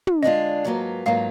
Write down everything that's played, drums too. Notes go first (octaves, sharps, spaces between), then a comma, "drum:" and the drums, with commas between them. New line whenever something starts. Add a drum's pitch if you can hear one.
drum: tom
D3 G#3 D4 F4 D#5
G#2 F#3 A#3 F4 B4
G#2 F#3 A#3 F4 B4 F5